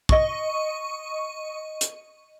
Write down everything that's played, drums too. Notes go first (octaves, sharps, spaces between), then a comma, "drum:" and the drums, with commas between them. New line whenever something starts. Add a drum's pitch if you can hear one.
D#5 C#6, drum: kick
drum: hi-hat